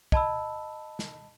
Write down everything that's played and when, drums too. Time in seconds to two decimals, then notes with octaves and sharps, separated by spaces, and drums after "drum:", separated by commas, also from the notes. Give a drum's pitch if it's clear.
0.12 D#5 A5 B5 E6, drum: kick
0.99 drum: snare